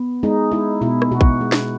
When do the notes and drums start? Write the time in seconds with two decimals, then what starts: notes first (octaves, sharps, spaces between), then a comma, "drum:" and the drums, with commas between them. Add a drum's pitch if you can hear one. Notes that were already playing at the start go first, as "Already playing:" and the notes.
Already playing: B3
0.23 G#3 D#4
0.52 G#3 E4
0.81 B2 E4
1.02 drum: rim click
1.11 B2 F#4
1.21 drum: kick
1.41 G#3
1.52 drum: snare